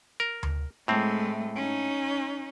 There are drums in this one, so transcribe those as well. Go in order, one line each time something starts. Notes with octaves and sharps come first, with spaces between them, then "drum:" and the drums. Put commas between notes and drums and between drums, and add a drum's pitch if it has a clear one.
A#4
drum: tom D2
A2 G#3 A3 C4
C#4 D#4